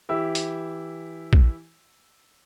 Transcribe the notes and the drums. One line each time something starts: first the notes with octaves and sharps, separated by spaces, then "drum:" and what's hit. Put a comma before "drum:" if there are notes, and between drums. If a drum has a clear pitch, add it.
E3 E4 G4 E6
drum: hi-hat
drum: kick A#1